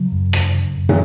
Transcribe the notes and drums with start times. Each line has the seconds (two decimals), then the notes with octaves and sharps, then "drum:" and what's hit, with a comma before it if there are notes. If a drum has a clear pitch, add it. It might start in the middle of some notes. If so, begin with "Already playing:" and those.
Already playing: C#3 F#3
0.12 F#2
0.33 C#3, drum: rim click
0.54 C#3
0.75 F#2
0.89 drum: tom